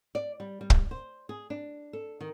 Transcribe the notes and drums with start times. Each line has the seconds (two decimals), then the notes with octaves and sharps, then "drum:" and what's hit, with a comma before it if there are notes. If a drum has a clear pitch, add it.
0.15 D5
0.40 G3
0.61 G3
0.70 drum: kick
0.91 C5
1.29 G#4
1.50 D4
1.93 A4
2.21 D#3